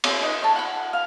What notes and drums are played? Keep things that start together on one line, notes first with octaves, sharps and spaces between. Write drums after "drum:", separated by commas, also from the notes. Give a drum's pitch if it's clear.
C4 B5, drum: cymbal
D#4 B4
A4 C#5
F#5 B5
F5